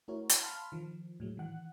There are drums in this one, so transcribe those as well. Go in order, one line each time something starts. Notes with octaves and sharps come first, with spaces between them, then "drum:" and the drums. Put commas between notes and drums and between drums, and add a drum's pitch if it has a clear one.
A3 E4 F#4 A#4 C#5
drum: hi-hat
F5 A5 B5 C6 F6
D#3 F3
A2 F#3 G#3
D#3 E3 F#5 F#6